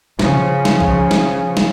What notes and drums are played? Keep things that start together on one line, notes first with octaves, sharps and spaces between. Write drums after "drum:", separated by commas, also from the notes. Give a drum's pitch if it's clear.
C#3 F3, drum: snare
drum: snare
drum: kick B1
drum: snare
drum: snare